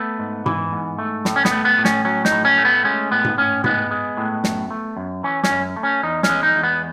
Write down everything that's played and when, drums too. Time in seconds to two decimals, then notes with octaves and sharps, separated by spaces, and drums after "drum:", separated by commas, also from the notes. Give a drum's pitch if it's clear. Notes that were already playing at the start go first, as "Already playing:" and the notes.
Already playing: A3 B3
0.19 G#2
0.46 E3, drum: tom G#2
0.73 G#2
0.99 A3
1.25 A2, drum: snare
1.36 C#4
1.45 B3, drum: snare
1.51 A3
1.65 B3
1.78 A2
1.85 C#4, drum: snare
2.05 F#3 C#4
2.25 D#4, drum: snare
2.32 A2
2.45 C#4
2.58 A3
2.65 B3
2.84 G#3 C#4
3.11 A2 B3
3.24 drum: tom G#2
3.38 A2 C#4
3.64 G#3 B3, drum: tom G#2
3.91 G#3
4.17 A2
4.44 F#2, drum: snare
4.71 A3
4.97 F#2
5.23 E3 C#4
5.44 C#4, drum: snare
5.50 F#2
5.76 A3
5.83 C#4
6.03 E2 D#4
6.23 C#4, drum: snare
6.29 G#3
6.43 D#4
6.56 E2
6.63 B3